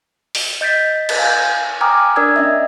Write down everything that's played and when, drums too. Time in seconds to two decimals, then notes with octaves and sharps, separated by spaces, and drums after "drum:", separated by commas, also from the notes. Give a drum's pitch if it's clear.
0.35 drum: open hi-hat
0.61 D#5 G6 A6 B6
1.09 drum: cymbal
1.19 F5 G#5 G6
1.81 G5 G#5 A#5 D6 D#6 F6
2.16 D4 A#4 D5 D#6 E6 G#6
2.36 C#4 D#5 E5